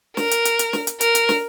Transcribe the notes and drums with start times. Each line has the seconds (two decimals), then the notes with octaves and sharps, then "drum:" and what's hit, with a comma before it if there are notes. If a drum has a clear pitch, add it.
0.17 A#4, drum: snare
0.31 drum: hi-hat
0.45 drum: hi-hat
0.59 drum: hi-hat
0.73 drum: snare
0.87 drum: hi-hat
1.01 A#4, drum: hi-hat
1.15 drum: hi-hat
1.29 drum: snare